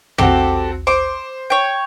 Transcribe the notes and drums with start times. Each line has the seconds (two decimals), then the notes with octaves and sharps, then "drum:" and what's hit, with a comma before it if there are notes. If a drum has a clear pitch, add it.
0.18 C4 F#4 G4 A4, drum: tom
0.87 C5 D6
1.50 C#5 G5